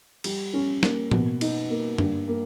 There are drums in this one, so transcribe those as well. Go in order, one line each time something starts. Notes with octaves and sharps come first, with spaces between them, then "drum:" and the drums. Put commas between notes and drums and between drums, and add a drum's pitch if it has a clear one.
G3, drum: cymbal
C#4
A#3, drum: snare
B2, drum: tom A2
D#4, drum: cymbal
A#3
G2, drum: tom F#2
A#3